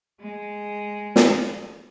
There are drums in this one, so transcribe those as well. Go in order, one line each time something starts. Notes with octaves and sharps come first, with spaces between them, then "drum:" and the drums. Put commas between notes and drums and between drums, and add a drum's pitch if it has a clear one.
G#3
drum: snare